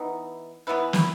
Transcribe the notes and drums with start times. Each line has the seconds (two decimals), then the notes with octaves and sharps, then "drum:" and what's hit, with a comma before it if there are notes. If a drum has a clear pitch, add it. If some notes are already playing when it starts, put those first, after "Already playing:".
Already playing: E3 B3 D#4
0.67 E3 B3 E4 B4
0.93 drum: snare